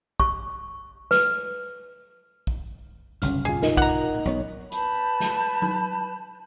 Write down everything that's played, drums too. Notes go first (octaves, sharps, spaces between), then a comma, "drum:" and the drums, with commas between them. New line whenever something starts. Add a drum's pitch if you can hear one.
C#6, drum: kick
B4, drum: snare
drum: kick
G1 C2 F#2 C#3 C#4 F6, drum: hi-hat
B2 F4 G#4, drum: tom E2
D#4 A#4, drum: snare
F#5 A#5, drum: kick
drum: tom A#2
B1 F#3 B3 C#5
B4 A5 B5 G6, drum: hi-hat
drum: snare
drum: tom F#3